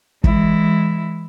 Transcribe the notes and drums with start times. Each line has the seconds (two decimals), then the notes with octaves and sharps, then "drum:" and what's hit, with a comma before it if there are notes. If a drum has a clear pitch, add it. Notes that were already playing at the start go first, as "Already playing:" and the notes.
0.24 E3 G#3 E4, drum: kick